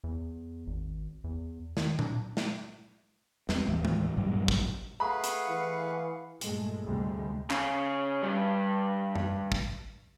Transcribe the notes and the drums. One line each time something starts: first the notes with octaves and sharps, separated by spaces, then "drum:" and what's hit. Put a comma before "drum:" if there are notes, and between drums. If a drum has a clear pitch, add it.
E2
G#1
E2
D#3, drum: snare
D4, drum: tom A#2
drum: snare
E2 G#3 C4, drum: snare
D#2 A2 E3
drum: tom G#3
A#1 G2 F#3 G3
drum: kick
A3 G#4 B4 F5 F#5 B5
drum: hi-hat
E3
G2 A#2 G#3 A3, drum: hi-hat
D2 C3 G3 G#3
C#3, drum: clap
G2
drum: tom F#2
drum: kick